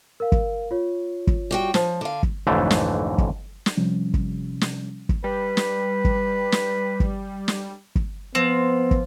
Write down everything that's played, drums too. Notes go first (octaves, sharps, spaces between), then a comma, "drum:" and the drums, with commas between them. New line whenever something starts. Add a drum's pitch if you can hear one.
A#4 F5
drum: kick
F4 C#5
drum: kick
G3 F#4 G5
F3, drum: snare
D3 F5
drum: kick
B1 F2 G#2 D3 E3 A3
drum: snare
drum: kick
drum: snare
C3 F3 G3 C#4
drum: kick
drum: snare
drum: kick
G3 B4
drum: snare
drum: kick
drum: snare
drum: kick
drum: snare
drum: kick
F3 B3 C4
drum: kick